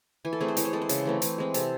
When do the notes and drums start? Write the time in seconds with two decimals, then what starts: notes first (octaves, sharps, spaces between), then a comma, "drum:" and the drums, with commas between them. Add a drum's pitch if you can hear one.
0.25 E3 G#5
0.33 A4
0.40 A3 C4 G#4
0.48 C5
0.57 E3 C#5, drum: hi-hat
0.65 C5
0.73 G#3 C4 A4
0.82 C5
0.89 C#3, drum: hi-hat
1.05 E3 A3 C4
1.22 E3, drum: hi-hat
1.38 G#3 C4
1.54 C3 A4, drum: hi-hat